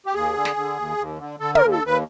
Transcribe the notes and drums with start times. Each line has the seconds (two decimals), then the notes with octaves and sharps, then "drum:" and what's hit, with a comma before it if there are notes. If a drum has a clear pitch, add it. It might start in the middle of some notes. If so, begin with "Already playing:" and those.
0.06 G4
0.13 D#2 G#4
0.35 D3
0.45 drum: snare
0.56 D3
0.77 D#2
0.97 D#2
1.18 D3
1.40 D3 A4
1.55 A#4, drum: tom
1.61 D#2
1.72 A4
1.82 D#2 B4